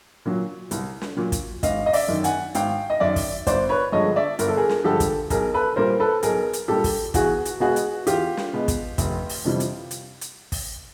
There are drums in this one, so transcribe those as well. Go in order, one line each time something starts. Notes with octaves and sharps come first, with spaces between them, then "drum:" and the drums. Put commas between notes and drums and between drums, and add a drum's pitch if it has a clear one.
A#2 F#3
C2, drum: hi-hat
drum: snare
A#2 F#3
drum: kick, hi-hat
G#1 D#5 F5, drum: kick, hi-hat
D#5
D5 E5, drum: open hi-hat
F#2 D#3
F#5 G#5, drum: hi-hat
G#1 F5 G5, drum: hi-hat
D#5
F#2 D#3 D5 E5
drum: kick, open hi-hat
G1 C5 D5, drum: kick, hi-hat
B4 C#5
G2 D3 F3 G#3 C#5 D#5
D5 E5
G1 A#4, drum: hi-hat
A4
G#4 A#4
drum: snare
G2 D3 F3 G#3 G4 A4
drum: kick, hi-hat
B1 G#4 A#4, drum: kick, hi-hat
A4 B4
A#2 G3 A#4 C5
A4 B4
B1 G#4 A#4, drum: hi-hat
drum: hi-hat
A#2 G3 G4 A4
drum: kick, open hi-hat
E2 F#4 G#4, drum: kick, hi-hat
drum: hi-hat
B2 G#3 B3 F#4 G#4
drum: hi-hat
E2 F4 G4, drum: hi-hat
drum: snare
B2 G#3 B3
drum: kick, hi-hat
F1, drum: kick, hi-hat
drum: open hi-hat
F2 C3 E3 G3
drum: hi-hat
drum: hi-hat
drum: hi-hat
drum: kick, open hi-hat